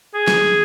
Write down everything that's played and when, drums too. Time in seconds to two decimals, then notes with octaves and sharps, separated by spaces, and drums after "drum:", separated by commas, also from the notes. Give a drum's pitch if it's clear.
0.15 G#4
0.28 drum: snare